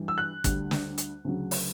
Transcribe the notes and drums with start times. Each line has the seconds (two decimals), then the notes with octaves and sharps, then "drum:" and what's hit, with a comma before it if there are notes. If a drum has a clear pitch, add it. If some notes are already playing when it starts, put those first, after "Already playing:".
Already playing: G2 E3 G3
0.08 E6
0.18 F#6
0.44 D2 D3 G3, drum: kick, hi-hat
0.71 drum: snare
0.98 drum: hi-hat
1.25 D2 C#3 F#3
1.51 drum: open hi-hat